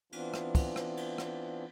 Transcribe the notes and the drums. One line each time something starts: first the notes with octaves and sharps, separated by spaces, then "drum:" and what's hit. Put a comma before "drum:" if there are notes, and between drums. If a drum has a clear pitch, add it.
E3 B3 C4 D4 F4, drum: cymbal
drum: rim click
drum: kick, cymbal
drum: rim click
drum: cymbal
drum: rim click